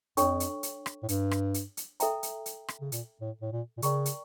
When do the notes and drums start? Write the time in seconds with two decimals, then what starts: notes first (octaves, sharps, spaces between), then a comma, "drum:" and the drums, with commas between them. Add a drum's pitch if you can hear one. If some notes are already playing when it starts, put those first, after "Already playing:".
0.17 F2 D4 A4 C#5 G5 C#6, drum: hi-hat
0.40 drum: hi-hat
0.63 drum: hi-hat
0.86 drum: rim click
1.03 A2
1.09 G2, drum: hi-hat
1.31 drum: rim click
1.54 drum: hi-hat
1.77 drum: hi-hat
2.00 A4 E5 G5 A#5, drum: hi-hat
2.23 drum: hi-hat
2.46 drum: hi-hat
2.68 drum: rim click
2.81 C#3
2.92 A#2, drum: hi-hat
3.21 A2
3.41 A2
3.52 A#2
3.77 A#2
3.82 C#3 A#4 D5 G5 A#5 C#6, drum: hi-hat
4.05 drum: hi-hat